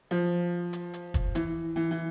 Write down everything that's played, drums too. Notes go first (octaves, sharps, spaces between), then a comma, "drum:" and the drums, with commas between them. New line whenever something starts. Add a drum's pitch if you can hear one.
F3
drum: hi-hat
drum: hi-hat
drum: kick, hi-hat
E3, drum: hi-hat
E3
E3